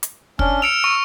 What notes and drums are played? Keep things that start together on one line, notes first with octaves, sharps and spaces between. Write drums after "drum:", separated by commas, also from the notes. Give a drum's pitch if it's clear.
drum: hi-hat
C#4 D4 F6, drum: kick
E6 C#7 D7 F7
C#6